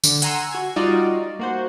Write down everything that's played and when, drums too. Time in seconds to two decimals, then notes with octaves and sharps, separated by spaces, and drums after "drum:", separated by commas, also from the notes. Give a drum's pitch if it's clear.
0.04 D3, drum: tambourine
0.22 F#5 G#5 A#5 C6 E6, drum: hi-hat
0.52 F#4 G#6
0.76 G3 D#4 F4 F#4 D5 D#5
1.39 A#3 F#4 C5